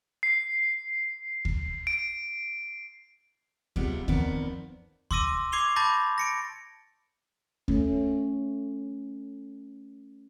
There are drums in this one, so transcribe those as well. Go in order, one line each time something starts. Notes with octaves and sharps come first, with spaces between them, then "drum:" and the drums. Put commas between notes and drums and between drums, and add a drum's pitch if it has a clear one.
C7
drum: kick D2
D7
C3 G3 G#3 B3 F4, drum: kick D2
F2 D#3 B3 D5, drum: kick D2
C6 D6 E6 A#6 D#7, drum: kick D2
C#6 D6 G#6 C7 F7 G7
A5 B5 D6 G6 A6 A#6
A#6 C#7 D7
A3 C#4, drum: kick D2